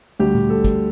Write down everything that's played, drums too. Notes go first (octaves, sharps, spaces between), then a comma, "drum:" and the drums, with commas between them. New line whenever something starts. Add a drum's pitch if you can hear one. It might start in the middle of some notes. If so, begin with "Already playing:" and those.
D2 D3 G3 G4
drum: tom A#2
A4
drum: kick, hi-hat